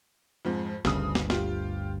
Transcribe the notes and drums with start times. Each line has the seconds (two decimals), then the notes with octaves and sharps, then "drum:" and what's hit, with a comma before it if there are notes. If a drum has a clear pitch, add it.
0.45 F2 G#2 F3
0.85 G1 D2 G2 C#3 D#6, drum: snare
1.15 drum: snare
1.30 F4 G4, drum: snare